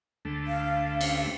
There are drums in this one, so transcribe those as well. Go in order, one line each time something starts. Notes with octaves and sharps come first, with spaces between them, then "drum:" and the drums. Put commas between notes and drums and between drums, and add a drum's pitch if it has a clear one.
D2 A3
F5
drum: cymbal